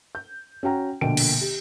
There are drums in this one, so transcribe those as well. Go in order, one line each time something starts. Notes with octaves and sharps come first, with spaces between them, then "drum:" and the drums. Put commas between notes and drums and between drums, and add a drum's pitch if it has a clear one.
G6
C#4 F#4 G5 A#5
A#1 B2 D3 A#3 G5 D7
drum: cymbal
G4